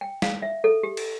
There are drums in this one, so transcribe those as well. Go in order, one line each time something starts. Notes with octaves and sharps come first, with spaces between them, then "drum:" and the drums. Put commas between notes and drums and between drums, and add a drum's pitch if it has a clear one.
G5
F5, drum: snare G3
E5
A4
G4
drum: cymbal